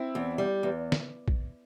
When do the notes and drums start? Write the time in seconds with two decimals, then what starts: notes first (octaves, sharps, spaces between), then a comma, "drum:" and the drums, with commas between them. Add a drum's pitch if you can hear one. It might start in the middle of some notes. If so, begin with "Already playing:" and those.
Already playing: C4 E4
0.15 E2
0.38 G3
0.63 E2
0.92 drum: snare
1.28 drum: kick